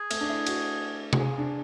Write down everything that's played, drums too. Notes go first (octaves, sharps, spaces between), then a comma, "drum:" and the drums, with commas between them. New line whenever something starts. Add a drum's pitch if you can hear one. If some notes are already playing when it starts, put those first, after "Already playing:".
Already playing: G#4
A3, drum: cymbal
D4
E4
F#4, drum: cymbal
F#4, drum: tom C3
G#4
D4